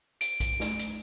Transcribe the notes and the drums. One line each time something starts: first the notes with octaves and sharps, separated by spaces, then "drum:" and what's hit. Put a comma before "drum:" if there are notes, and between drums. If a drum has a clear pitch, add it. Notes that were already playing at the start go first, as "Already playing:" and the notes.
D7, drum: hi-hat
drum: kick A#1, hi-hat
drum: snare
drum: hi-hat